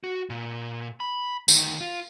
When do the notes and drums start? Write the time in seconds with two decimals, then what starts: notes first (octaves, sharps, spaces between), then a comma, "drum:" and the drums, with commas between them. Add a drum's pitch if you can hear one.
0.04 F#4
0.30 A#2
1.00 B5
1.48 D2 D#3, drum: tambourine
1.81 F4